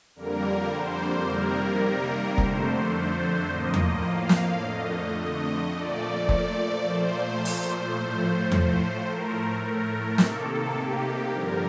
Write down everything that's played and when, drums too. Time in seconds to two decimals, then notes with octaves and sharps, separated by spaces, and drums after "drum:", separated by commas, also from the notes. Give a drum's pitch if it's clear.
0.16 F2 D3 G3 A#3 A#4
0.71 C5
1.26 C3 D#3 G3 A#3 A#4
1.83 A#4
2.38 F2 D3 A3 C5, drum: kick F1
2.95 C5
3.49 A2 F3 A#3 D#5
3.74 drum: tom E2
4.06 F5
4.29 drum: snare
4.61 F2 D3 A3 D#5
5.17 D#5
5.72 A#2 F3 A3 D5
6.29 D5, drum: kick F1
6.85 A#2 F3 A3 C5
7.45 drum: open hi-hat
7.96 A2 F3 A3
8.52 C5, drum: tom E2
9.07 A2 A3 A#4
9.63 A#4
10.18 C3 D#3 A#3 A4, drum: snare
10.74 G4
11.30 G2 D3 F3 A#4